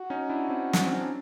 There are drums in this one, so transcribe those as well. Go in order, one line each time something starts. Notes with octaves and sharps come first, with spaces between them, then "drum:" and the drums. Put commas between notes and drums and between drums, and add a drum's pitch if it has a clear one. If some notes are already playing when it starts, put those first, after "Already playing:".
Already playing: F#4
C#4 D#4
D4 E4
C4 D4
drum: snare
C4
C#4
D4